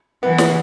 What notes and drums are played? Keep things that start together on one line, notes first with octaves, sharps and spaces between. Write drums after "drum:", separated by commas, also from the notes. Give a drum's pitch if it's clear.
E3 B3
drum: snare